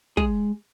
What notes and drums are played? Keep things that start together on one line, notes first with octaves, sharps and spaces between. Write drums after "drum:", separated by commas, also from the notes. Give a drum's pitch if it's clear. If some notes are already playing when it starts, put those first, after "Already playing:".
G#3 G#4, drum: kick